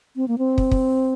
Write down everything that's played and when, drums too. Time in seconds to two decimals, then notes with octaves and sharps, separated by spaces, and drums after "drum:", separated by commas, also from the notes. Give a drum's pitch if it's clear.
0.16 C4
0.28 A#3
0.38 C4
0.58 drum: kick
0.71 drum: kick